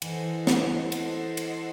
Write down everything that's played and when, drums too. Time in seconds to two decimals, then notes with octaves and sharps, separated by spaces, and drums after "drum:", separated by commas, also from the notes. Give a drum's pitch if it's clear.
0.02 E3 A4 C5 D#5 F#5, drum: cymbal
0.47 drum: snare
0.92 A4 C5 D#5 F#5, drum: cymbal
1.37 drum: cymbal